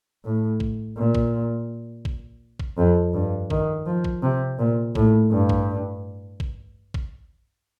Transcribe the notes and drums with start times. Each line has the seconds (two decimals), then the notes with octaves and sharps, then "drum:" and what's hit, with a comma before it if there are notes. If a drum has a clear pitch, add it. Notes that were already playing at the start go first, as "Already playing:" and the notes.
0.24 A2
0.60 drum: kick A1
0.97 A#2
1.15 drum: kick A1
2.05 drum: kick A1
2.60 drum: kick A1
2.78 F2
3.14 G2
3.50 D#3, drum: kick A1
3.86 F3
4.04 drum: kick A1
4.23 C3
4.59 A#2
4.95 A2, drum: kick A1
5.32 G2
5.49 drum: kick A1
6.40 drum: kick A1
6.94 drum: kick A1